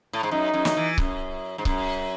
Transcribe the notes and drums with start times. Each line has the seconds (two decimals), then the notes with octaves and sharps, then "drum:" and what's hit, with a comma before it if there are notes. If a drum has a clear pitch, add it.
0.13 A2
0.23 G#2
0.31 F#2 D#4
0.54 F#2
0.65 drum: snare
0.77 E3
0.98 F#2, drum: kick C#1
1.58 G#2
1.65 F#2, drum: kick C#1